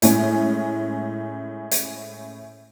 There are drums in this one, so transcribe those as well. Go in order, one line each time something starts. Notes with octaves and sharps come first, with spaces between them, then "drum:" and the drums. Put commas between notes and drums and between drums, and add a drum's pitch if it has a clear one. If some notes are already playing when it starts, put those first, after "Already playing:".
A2 G#3 C#4, drum: hi-hat
drum: hi-hat